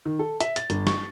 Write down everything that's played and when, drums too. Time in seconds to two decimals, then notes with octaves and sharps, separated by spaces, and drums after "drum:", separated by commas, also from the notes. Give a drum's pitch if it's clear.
0.06 D#3
0.19 A4
0.40 E5, drum: hi-hat
0.56 A6, drum: hi-hat
0.70 G1, drum: hi-hat
0.87 C#6, drum: snare